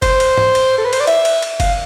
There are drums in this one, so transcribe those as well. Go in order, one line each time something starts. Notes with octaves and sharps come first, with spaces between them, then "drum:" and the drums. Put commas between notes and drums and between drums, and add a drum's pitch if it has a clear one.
C5, drum: kick F#1, cymbal
drum: cymbal
drum: tom G#2
drum: cymbal
A4
B4
C5, drum: cymbal
D5
E5, drum: cymbal
drum: cymbal
drum: cymbal
F5, drum: kick F#1, cymbal